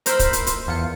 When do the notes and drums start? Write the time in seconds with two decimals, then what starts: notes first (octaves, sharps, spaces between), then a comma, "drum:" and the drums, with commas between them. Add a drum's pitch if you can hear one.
0.06 A#4 C5 B5 E6, drum: hi-hat
0.19 drum: kick, hi-hat
0.33 drum: hi-hat
0.47 drum: hi-hat
0.67 E2 F4 C#7